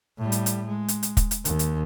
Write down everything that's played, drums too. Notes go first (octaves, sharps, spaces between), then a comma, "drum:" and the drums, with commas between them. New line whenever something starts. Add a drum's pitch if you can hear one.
A2 G3
drum: hi-hat
drum: hi-hat
G#3
drum: hi-hat
drum: hi-hat
drum: kick, hi-hat
drum: hi-hat
D#2, drum: hi-hat
drum: hi-hat